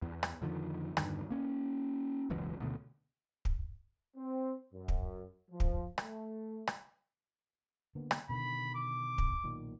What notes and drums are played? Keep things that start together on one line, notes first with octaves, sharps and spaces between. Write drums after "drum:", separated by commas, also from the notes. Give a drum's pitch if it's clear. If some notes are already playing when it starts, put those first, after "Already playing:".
E2
drum: rim click
F2 D3 D#3 F3
E2 G2 D3 D#3, drum: rim click
A#3 C#4
E1 C#2 F#2 E3
D2 B2 D3
drum: kick
C4
F#2
drum: kick
F3
drum: kick
A3, drum: rim click
drum: rim click
D3 A#3 B3
drum: rim click
B2 D3 D#3 B5
D6
drum: kick
B1 A#2 D#3